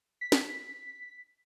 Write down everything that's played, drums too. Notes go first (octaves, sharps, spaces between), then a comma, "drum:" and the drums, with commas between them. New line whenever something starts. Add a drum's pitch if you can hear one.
B6
drum: snare